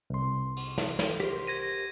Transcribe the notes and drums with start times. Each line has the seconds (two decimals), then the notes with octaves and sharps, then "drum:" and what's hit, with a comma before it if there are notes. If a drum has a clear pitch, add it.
0.10 C2 C6
0.56 drum: cymbal
0.78 drum: snare
0.99 drum: snare
1.20 G4 A#4 C5
1.47 G#6 A#6 D#7